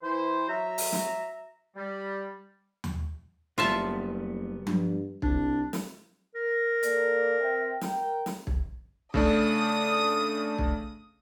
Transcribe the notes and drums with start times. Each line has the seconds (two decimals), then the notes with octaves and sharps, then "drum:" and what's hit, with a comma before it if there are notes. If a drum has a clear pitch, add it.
0.03 E3 E4 C5
0.48 F#3 E5 A#5
0.78 drum: open hi-hat
0.92 drum: snare
1.76 G3
2.84 drum: tom D#2
3.58 F#1 G3 B3 F4 E5 A5
4.67 G2, drum: tom F3
5.22 C2 D4, drum: kick
5.73 drum: snare
6.35 A#4
6.83 A#3 A4 D5, drum: hi-hat
7.40 C4 E5 G5
7.81 A#4 G5, drum: snare
8.26 drum: snare
8.47 drum: kick
9.14 C#3 A3 D4 D#6, drum: kick
10.58 drum: kick